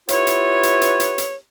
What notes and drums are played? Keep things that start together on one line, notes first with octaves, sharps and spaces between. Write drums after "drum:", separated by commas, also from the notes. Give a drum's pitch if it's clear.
B3 E4 F4 G4 B4 C#5, drum: hi-hat
drum: hi-hat
drum: hi-hat
drum: hi-hat
drum: hi-hat
drum: hi-hat